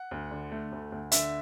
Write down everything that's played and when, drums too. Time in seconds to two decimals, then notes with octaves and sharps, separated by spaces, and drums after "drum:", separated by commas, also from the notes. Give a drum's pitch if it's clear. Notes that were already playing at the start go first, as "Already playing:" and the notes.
Already playing: F#5
0.11 D2
0.31 D3
0.52 A3
0.72 D2
0.92 D2
1.12 D3 E5, drum: hi-hat